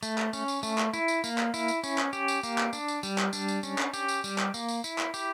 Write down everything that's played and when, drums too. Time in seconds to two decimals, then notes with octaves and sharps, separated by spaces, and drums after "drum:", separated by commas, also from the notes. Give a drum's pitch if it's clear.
0.03 A3, drum: tambourine
0.18 drum: clap
0.33 C#4, drum: tambourine
0.48 drum: tambourine
0.63 A3, drum: tambourine
0.78 drum: clap
0.93 E4, drum: tambourine
1.08 drum: tambourine
1.24 A#3, drum: tambourine
1.38 drum: clap
1.54 E4, drum: tambourine
1.68 drum: tambourine
1.84 C#4, drum: tambourine
1.98 drum: clap
2.13 G4, drum: tambourine
2.28 drum: tambourine
2.43 A#3, drum: tambourine
2.58 drum: clap
2.73 D4, drum: tambourine
2.88 drum: tambourine
3.03 G3, drum: tambourine
3.18 drum: clap
3.33 D4, drum: tambourine
3.48 drum: tambourine
3.63 C#4, drum: tambourine
3.78 drum: clap
3.93 G4, drum: tambourine
4.08 drum: tambourine
4.24 G3, drum: tambourine
4.38 drum: clap
4.54 A#3, drum: tambourine
4.68 drum: tambourine
4.84 E4, drum: tambourine
4.98 drum: clap
5.14 G4, drum: tambourine